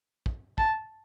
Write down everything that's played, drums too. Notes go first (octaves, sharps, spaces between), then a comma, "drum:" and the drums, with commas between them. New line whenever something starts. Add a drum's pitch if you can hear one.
drum: kick
A5, drum: kick